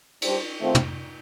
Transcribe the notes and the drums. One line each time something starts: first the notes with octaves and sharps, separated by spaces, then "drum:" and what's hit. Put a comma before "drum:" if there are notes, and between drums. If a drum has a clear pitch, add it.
G3 D4 G4 C5, drum: cymbal
D#3 A3 C4 F4 C5
drum: tom